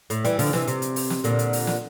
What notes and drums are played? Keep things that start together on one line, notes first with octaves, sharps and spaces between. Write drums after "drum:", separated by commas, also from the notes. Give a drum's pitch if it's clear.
A2, drum: hi-hat
E3 G3, drum: hi-hat
D3 F3, drum: open hi-hat
C3 E3, drum: snare
C3, drum: hi-hat
drum: hi-hat
drum: open hi-hat
drum: snare
A#2 D3, drum: hi-hat
drum: hi-hat
drum: open hi-hat
drum: snare